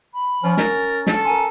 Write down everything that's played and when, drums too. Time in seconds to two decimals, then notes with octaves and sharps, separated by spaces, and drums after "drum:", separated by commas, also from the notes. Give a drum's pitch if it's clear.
0.14 B5
0.43 F3 C#4
0.57 A#4 A6, drum: snare
1.07 A4, drum: snare
1.25 A#4 G#5 C6